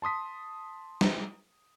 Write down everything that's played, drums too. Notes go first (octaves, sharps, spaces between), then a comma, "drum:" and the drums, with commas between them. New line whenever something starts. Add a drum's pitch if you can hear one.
A5 C6 D#6 B6
drum: snare